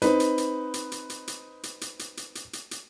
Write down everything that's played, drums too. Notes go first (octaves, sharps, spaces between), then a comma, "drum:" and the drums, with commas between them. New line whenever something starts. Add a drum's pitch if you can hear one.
C4 D#4 B4, drum: hi-hat
drum: hi-hat
drum: hi-hat
drum: hi-hat
drum: hi-hat
drum: hi-hat
drum: hi-hat
drum: hi-hat
drum: hi-hat
drum: hi-hat
drum: hi-hat
drum: hi-hat
drum: hi-hat
drum: hi-hat